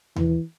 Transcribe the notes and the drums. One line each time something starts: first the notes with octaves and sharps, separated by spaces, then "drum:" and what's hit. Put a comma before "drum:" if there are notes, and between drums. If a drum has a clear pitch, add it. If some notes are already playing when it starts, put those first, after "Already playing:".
E3, drum: tom D#2